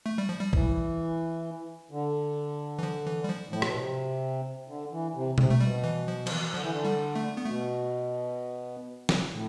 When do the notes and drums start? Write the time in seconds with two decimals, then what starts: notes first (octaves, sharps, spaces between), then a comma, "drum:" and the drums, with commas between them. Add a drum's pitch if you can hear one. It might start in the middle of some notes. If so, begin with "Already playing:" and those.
0.06 A3
0.18 G3
0.29 F3
0.40 G3
0.53 E3, drum: kick
1.91 D3
2.79 E3
2.83 F3
3.07 E3
3.23 G3
3.30 F3
3.49 A2 F3
3.62 B2, drum: rim click
3.76 C3
4.68 D3
4.91 E3
5.15 C3
5.38 C3, drum: tom B2
5.50 A3
5.61 B2 G3
5.84 E3
6.08 F3
6.27 F3, drum: cymbal
6.31 E3
6.53 D3 F3
6.62 E3
6.70 D3
6.85 G3
7.15 A3
7.37 B3
7.46 B2 A3
9.09 drum: snare
9.31 A2